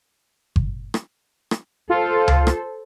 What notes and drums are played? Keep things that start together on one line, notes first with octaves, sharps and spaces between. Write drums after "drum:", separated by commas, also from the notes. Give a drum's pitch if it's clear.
drum: kick G1
drum: rim click
drum: rim click
F4 A4 C5
drum: tom C#2
drum: rim click